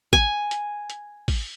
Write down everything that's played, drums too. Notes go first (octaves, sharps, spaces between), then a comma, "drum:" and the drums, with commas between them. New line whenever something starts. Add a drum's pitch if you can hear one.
G#5, drum: kick
drum: hi-hat
drum: hi-hat
drum: kick, open hi-hat